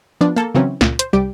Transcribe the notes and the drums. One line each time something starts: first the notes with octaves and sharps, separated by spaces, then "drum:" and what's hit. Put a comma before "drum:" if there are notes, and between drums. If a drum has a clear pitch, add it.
F3 B3 D4
A#3 A4
C#3 E3 F#3 C4 C#4
C#2 A#2, drum: snare
C5, drum: hi-hat
C2 G3 G4 D7